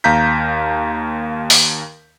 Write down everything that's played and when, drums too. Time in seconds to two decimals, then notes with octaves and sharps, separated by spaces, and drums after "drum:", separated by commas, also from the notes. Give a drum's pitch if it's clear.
0.04 D#2 F5 A#5 G6 B6
1.50 drum: open hi-hat